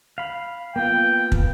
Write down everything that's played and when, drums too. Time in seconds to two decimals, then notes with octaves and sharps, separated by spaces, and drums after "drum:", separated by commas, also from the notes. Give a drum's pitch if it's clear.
0.18 F5 B5
0.76 A#3 B3 F4 G5
1.32 drum: kick